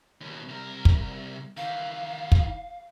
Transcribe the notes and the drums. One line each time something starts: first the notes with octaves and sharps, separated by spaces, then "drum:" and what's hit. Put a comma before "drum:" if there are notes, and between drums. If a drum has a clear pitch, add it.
D#2 B2
C2 A#4
drum: kick
D#3 E3 F5
drum: kick